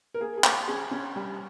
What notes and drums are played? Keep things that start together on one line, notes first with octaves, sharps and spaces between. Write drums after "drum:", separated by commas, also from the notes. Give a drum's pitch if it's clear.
A#4
A#3 G#4
G#4
A#3 A#4, drum: clap
C#4 G#4
C#4
G3